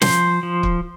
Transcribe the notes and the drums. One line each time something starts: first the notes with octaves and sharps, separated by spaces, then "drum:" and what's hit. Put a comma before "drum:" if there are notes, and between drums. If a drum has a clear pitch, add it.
F3 C5, drum: snare
F3
drum: kick